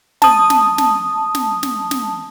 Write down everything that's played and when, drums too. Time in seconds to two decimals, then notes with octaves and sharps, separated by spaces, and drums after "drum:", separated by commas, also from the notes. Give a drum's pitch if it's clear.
0.22 A5 D#6, drum: snare
0.50 drum: snare
0.78 drum: snare
1.35 drum: snare
1.63 drum: snare
1.91 drum: snare